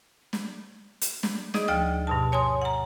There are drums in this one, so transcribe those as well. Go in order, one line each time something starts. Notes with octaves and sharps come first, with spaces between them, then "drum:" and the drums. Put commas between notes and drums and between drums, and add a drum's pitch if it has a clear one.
drum: snare
drum: hi-hat
drum: snare
D#4 G#4 D5 D#5, drum: snare
D2 F3 D5 G5 F6
G2 B2 A5
C#5 G#5 C6 D#6
F#5 A#5